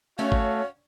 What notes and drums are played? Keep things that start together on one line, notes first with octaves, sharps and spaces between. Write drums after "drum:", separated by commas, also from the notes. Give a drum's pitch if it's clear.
A3 C#4 F#4 C#5 F5
drum: kick G#1